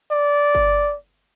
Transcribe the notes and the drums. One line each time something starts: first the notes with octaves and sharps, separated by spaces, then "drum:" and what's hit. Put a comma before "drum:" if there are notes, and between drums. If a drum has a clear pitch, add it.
D5
drum: kick G1